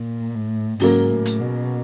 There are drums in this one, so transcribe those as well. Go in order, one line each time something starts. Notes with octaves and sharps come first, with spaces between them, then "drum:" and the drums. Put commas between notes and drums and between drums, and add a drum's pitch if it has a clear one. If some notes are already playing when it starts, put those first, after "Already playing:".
Already playing: A#2
A2
G#2 C#3 F#3 A#3, drum: open hi-hat
A2
drum: hi-hat
B2